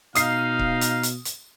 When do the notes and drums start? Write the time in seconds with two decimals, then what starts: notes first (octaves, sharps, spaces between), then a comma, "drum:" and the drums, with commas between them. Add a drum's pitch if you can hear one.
0.15 B2 D#4 F5 D#6 F6 C7, drum: hi-hat
0.59 drum: kick C#1
0.81 drum: hi-hat
1.03 drum: hi-hat
1.25 drum: hi-hat